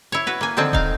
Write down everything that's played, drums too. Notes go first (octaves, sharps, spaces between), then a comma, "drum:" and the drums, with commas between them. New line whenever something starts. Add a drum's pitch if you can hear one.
E4 C#5
F#4 B4
A#3 G#5
D3 D#3 F3 C4 G#5 A5
D#4 F5, drum: kick D#1